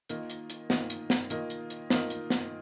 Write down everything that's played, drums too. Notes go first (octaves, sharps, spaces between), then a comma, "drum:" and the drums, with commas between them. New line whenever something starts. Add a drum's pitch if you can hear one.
D#3 A#3 F4 A#4 D#5, drum: hi-hat
drum: hi-hat
drum: hi-hat
D#3 A#3 F4 A#4 D#5, drum: snare
drum: hi-hat
drum: snare
D#3 A#3 F4 A#4 D#5, drum: hi-hat
drum: hi-hat
drum: hi-hat
D#3 A#3 F4 A#4 D#5, drum: snare
drum: hi-hat
drum: snare